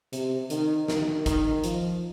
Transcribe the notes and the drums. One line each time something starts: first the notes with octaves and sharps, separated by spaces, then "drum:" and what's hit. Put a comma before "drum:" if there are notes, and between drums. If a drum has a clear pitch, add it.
C3, drum: hi-hat
D#3, drum: hi-hat
D#3, drum: snare
D#3, drum: kick, hi-hat
F3, drum: hi-hat